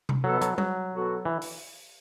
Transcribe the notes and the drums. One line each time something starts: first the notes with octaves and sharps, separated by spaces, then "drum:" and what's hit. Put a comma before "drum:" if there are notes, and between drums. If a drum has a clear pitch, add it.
drum: tom C3
B2 F#3 B3 A4
F#3, drum: hi-hat
F#3, drum: tom G3
B2 B3 F#4 A4
E3
drum: open hi-hat